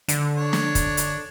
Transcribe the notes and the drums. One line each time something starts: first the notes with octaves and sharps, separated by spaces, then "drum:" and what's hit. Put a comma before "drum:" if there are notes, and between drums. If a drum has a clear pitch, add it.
D3, drum: hi-hat
D4 C#5
drum: snare
drum: kick, hi-hat
drum: hi-hat